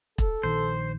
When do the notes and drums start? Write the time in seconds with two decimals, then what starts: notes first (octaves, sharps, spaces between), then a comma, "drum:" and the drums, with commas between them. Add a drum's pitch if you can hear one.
0.18 A4, drum: kick E1
0.43 A#1 D#3 C5